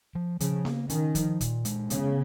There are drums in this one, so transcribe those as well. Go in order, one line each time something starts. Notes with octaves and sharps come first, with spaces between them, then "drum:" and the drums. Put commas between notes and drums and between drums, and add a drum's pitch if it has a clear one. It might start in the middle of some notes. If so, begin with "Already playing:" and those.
F3
C#3 F3, drum: hi-hat
A#3, drum: snare B3
D#3 C#4, drum: hi-hat
F3, drum: kick, hi-hat
A#2, drum: kick, hi-hat
G#3, drum: hi-hat
C#3 B3, drum: hi-hat